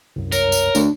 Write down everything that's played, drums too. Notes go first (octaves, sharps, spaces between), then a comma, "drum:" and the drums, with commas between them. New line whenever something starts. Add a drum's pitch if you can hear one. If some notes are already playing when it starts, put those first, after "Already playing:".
C2 F#2
A#4 C#5, drum: tambourine
drum: tambourine
D2 D4, drum: tambourine